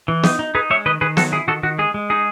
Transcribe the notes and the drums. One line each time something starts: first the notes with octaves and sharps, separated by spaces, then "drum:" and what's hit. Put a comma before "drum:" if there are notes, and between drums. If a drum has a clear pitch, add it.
E3
D#4, drum: snare
D#4
D#4 G#4 B4
G#3 C#5 E5
D#3 B4 D#5
D#3 G#4 B4
F#3 F#4 A4, drum: snare
E4 G#4
D#3 F#4 A4
D#3 F#4
G#3 G#4
G#3
D#4 G#4